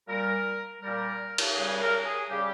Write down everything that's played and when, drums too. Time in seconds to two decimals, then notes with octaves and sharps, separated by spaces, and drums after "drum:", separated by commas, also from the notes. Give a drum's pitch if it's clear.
0.08 A#2 G3 A#4
0.82 A#2 G3 A#4
1.38 drum: cymbal
1.55 C#3 G3 G#4
1.81 A#4
2.05 G#4
2.30 C#3 G3 G4